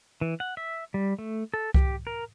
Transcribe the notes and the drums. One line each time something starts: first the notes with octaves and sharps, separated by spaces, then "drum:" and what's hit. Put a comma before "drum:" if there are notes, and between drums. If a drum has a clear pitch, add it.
E3
F#5
E5
G3
A3
A4
G4, drum: kick C2
A#4